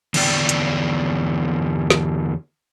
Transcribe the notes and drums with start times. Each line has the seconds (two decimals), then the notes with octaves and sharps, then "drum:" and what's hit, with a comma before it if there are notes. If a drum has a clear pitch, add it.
0.14 E2 D3 B3 E4 D5 G5, drum: cymbal
0.49 drum: hi-hat
1.90 drum: snare